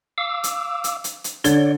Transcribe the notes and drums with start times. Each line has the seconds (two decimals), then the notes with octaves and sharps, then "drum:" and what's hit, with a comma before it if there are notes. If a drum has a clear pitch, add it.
0.18 F5 D6 E6
0.44 drum: hi-hat
0.84 drum: hi-hat
1.04 drum: hi-hat
1.24 drum: hi-hat
1.44 D3 C#5 D5 G7, drum: hi-hat